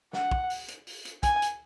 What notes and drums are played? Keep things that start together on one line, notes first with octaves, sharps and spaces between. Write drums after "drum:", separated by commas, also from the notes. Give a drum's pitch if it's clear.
F#5, drum: snare
drum: kick
drum: open hi-hat
drum: hi-hat
drum: open hi-hat
drum: hi-hat
G#5, drum: kick, hi-hat
drum: hi-hat